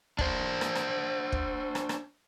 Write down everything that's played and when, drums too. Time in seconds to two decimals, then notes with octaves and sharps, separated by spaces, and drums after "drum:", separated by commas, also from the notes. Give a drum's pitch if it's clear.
0.18 D4 C5, drum: kick
0.61 drum: rim click
0.75 drum: rim click
1.32 drum: kick
1.75 drum: rim click
1.89 drum: rim click